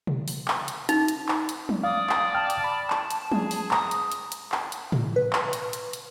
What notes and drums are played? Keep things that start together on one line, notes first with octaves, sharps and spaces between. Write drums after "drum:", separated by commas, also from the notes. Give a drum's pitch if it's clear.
drum: tom B2
drum: open hi-hat
drum: clap
drum: hi-hat
D#4, drum: hi-hat
drum: hi-hat
drum: clap
drum: hi-hat
drum: tom F3
D5 F5 D#6
drum: clap
G5 A5 F6
drum: hi-hat
B5
drum: clap
drum: hi-hat
G#4, drum: tom F3
drum: open hi-hat
A#5 D#6, drum: clap
drum: hi-hat
drum: hi-hat
drum: hi-hat
drum: clap
drum: hi-hat
drum: tom A2
B4
drum: clap
drum: hi-hat
drum: hi-hat
drum: hi-hat